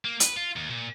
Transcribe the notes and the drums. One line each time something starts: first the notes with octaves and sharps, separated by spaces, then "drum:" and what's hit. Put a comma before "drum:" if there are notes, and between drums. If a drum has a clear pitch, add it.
A#3
B4, drum: hi-hat
F4
D#2
A#2